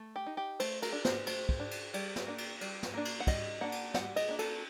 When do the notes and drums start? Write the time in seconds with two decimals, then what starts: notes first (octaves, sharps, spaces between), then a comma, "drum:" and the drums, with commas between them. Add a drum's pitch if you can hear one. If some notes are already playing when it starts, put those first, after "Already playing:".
Already playing: A3
0.16 G4
0.26 D#4
0.37 G4
0.60 A3 C5, drum: cymbal
0.82 A#4, drum: cymbal
0.92 D4
1.05 C5, drum: snare
1.27 A3 C5, drum: cymbal
1.49 drum: kick
1.59 D4
1.71 drum: cymbal
1.94 G3, drum: cymbal
2.16 drum: snare
2.27 A#3 D4
2.38 drum: cymbal
2.61 G3, drum: cymbal
2.83 drum: snare
2.94 A#3 D4
3.05 drum: cymbal
3.20 F#5
3.27 G3 D#5, drum: kick, cymbal
3.61 A#3 D4 F#5
3.72 drum: cymbal
3.94 G3 F#5, drum: snare
4.16 D#5, drum: cymbal
4.28 A#3 D4
4.39 A4, drum: cymbal